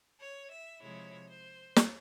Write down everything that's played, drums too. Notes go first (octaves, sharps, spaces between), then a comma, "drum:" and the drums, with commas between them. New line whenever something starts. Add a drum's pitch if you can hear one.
C#5
E5
C3 F3 G#3 E4 C#5
C5
drum: snare